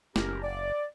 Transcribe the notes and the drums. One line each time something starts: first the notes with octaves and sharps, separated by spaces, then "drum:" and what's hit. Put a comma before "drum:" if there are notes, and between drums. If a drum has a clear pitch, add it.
F#1 C#4 G4 A#4, drum: snare
D5